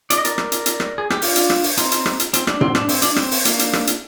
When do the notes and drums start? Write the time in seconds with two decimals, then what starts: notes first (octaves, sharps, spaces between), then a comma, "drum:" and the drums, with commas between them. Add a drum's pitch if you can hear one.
0.10 D5, drum: hi-hat
0.18 D#5
0.25 A#4 D5, drum: hi-hat
0.38 drum: rim click
0.52 drum: hi-hat
0.66 drum: hi-hat
0.80 drum: rim click
0.98 G#4
1.10 G4, drum: rim click
1.22 D4 F4, drum: open hi-hat
1.36 drum: hi-hat
1.50 drum: rim click
1.64 drum: open hi-hat
1.77 C4 D#4, drum: hi-hat
1.92 drum: hi-hat
2.06 drum: rim click
2.20 drum: hi-hat
2.33 C4, drum: hi-hat
2.47 D4, drum: rim click
2.61 C4, drum: tom A2
2.75 D4, drum: rim click
2.89 C4, drum: open hi-hat
3.02 D4, drum: hi-hat
3.16 C4, drum: rim click
3.31 drum: open hi-hat
3.45 A#3 D4, drum: hi-hat
3.59 drum: hi-hat
3.73 drum: rim click
3.87 drum: hi-hat